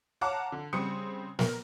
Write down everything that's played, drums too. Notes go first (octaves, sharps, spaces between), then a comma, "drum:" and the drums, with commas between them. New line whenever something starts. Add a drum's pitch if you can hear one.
C#5 F5 F#5 A5 A#5 D6
D3
C#3 G3 C4 D#6 C#7
A#4, drum: snare